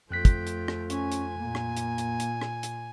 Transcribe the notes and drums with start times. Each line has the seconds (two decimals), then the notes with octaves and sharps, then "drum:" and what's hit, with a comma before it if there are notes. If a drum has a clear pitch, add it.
0.10 F2 F3 A3 G5 F#6 B6
0.25 drum: kick, hi-hat
0.47 drum: hi-hat
0.68 drum: rim click
0.90 C#4 G#5, drum: hi-hat
1.12 drum: hi-hat
1.39 A#2 A#3
1.55 drum: rim click
1.77 drum: hi-hat
1.98 drum: hi-hat
2.20 drum: hi-hat
2.41 drum: rim click
2.63 drum: hi-hat